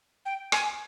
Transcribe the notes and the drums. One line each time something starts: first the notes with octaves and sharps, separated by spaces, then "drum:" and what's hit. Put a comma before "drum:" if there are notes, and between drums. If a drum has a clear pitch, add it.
G5
G#5, drum: rim click